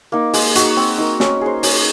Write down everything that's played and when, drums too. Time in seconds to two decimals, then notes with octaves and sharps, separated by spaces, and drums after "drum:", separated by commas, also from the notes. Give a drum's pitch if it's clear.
0.12 A#3 D#4
0.33 G#3, drum: open hi-hat
0.55 D#4 F#4, drum: hi-hat
0.77 C4
0.98 D#4 A#4
1.20 C#4, drum: snare
1.41 G#4 C5
1.63 C#4, drum: open hi-hat